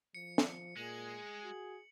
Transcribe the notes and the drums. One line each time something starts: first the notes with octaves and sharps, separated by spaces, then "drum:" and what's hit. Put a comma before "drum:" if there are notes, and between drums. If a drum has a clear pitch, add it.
F3 C#7
drum: snare
A#2 G#3 G#4 F#7
F#4